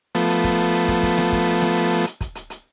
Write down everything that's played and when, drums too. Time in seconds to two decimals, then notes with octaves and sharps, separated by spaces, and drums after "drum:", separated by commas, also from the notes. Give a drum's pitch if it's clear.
0.15 F3 A3 B3, drum: hi-hat
0.29 drum: hi-hat
0.44 drum: kick, hi-hat
0.59 drum: hi-hat
0.74 drum: hi-hat
0.88 drum: kick, hi-hat
1.03 drum: kick, hi-hat
1.18 drum: rim click
1.32 drum: kick, hi-hat
1.47 drum: hi-hat
1.62 drum: rim click
1.76 drum: hi-hat
1.91 drum: hi-hat
2.06 drum: hi-hat
2.21 drum: kick, hi-hat
2.35 drum: hi-hat
2.50 drum: hi-hat